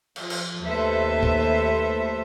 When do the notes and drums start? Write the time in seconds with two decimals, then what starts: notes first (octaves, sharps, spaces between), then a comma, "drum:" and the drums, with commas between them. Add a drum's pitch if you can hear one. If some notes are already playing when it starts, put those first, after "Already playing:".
0.16 F3, drum: cymbal
0.30 drum: cymbal
0.63 D#2 A3 A4 B4 C5 E5
1.23 drum: kick